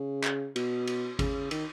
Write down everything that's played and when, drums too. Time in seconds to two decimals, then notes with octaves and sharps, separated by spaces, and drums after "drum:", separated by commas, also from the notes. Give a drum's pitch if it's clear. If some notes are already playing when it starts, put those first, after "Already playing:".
Already playing: C#3
0.24 drum: clap
0.56 B2, drum: cymbal
0.87 drum: cymbal
1.19 C#3, drum: kick G#1, cymbal
1.51 D#3, drum: cymbal